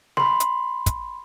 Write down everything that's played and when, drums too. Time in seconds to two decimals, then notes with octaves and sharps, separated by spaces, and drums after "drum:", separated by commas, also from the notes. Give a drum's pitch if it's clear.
0.17 B5 C6, drum: snare
0.40 drum: hi-hat
0.86 drum: kick, hi-hat